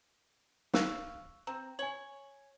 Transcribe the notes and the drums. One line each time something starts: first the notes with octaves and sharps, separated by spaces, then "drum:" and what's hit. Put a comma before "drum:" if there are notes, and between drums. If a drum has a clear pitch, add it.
F5 C#6 E6 F#6, drum: snare
C4 A#5
C#5 G#5 F#7